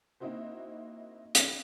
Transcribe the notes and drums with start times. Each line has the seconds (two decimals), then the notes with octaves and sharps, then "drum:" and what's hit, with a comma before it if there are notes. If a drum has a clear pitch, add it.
0.20 A#3 C4 D#4 E4 F#4 C5
1.35 B3 A4, drum: hi-hat